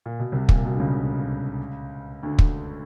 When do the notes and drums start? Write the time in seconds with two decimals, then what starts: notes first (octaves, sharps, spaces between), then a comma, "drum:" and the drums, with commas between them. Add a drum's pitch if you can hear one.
0.06 A#2
0.20 B2
0.32 C2 C3
0.49 A#2, drum: kick
0.65 B2
0.74 D3
0.80 C#2 C#3
2.23 D2 D3
2.39 drum: kick